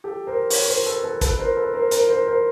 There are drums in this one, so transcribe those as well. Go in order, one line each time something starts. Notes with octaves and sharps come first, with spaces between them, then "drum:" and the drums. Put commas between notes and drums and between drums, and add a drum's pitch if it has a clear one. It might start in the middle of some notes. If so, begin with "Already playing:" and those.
G4 A4
A#4 C5
B4 C#5, drum: open hi-hat
A#4 C5
A4 B4
A4 B4
A4 B4, drum: kick, hi-hat
B4
A#4 C5
A4 B4
A#4 C5
A#4 C5, drum: hi-hat
A#4 C5
A#4 C5